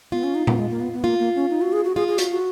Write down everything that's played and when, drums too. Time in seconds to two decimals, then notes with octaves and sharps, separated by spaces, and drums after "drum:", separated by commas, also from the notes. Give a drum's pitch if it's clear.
0.12 B3 F4
0.24 C#4
0.35 D#4
0.47 B3, drum: tom A#2
0.58 G#3
0.70 A#3
0.81 B3
0.93 B3
1.04 A#3 F4
1.19 A#3
1.35 C#4
1.50 D#4
1.61 F#4
1.73 G#4
1.84 F#4
1.96 F4 G#4
2.08 G#4
2.18 F#4, drum: hi-hat
2.30 F#4